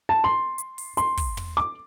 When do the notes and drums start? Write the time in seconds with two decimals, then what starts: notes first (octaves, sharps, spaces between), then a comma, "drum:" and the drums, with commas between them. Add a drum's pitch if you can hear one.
0.09 A5
0.24 C6
0.58 drum: hi-hat
0.78 drum: open hi-hat
0.97 C6, drum: hi-hat
1.17 drum: kick, open hi-hat
1.37 drum: tom
1.57 D6